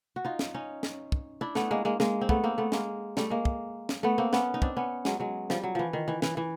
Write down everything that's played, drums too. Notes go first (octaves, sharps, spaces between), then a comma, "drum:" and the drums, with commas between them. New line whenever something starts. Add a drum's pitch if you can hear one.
F#4
D#4 F4
drum: snare
C#4 D#4
drum: snare
drum: kick
D4 E4
A3 B3, drum: snare
G#3 A#3
G#3 A#3
G#3 A#3, drum: snare
C4
A3 B3, drum: kick
A#3 C4
A3 B3
G#3 A#3, drum: snare
G3 A3, drum: snare
G#3 A#3
drum: kick
drum: snare
A3 B3
A#3 C4
B3 C#4, drum: snare
D#4
C4 D4, drum: kick
B3 C#4
F#3 G#3, drum: snare
F#3 G#3
F3 G3, drum: snare
F#3
E3 F3
D#3
E3
E3, drum: snare
E3